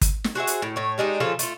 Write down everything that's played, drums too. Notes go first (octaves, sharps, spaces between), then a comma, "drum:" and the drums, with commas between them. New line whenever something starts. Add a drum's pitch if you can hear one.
drum: kick, hi-hat
drum: snare
F#4 G#4 C5 E5
drum: hi-hat
A2
A2 C#5
G3 G#3 D4 D#4
C#3 F3 F4 A4
A3 F4, drum: hi-hat